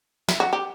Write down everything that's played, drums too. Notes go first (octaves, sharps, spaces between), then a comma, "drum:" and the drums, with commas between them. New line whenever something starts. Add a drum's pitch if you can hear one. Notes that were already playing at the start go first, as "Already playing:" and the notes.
E4, drum: snare
F#4
G4